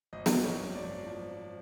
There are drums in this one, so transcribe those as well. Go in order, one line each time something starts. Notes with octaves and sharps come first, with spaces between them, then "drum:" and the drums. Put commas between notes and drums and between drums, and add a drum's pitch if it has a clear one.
G#1 D#5
drum: snare
G#1
C#5
F#2
D5
G#1
F3